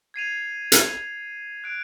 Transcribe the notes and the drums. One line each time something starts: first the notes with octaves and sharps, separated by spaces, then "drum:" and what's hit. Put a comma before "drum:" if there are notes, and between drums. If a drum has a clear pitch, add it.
G#6 C7 D#7 F7
drum: hi-hat
F#6 D7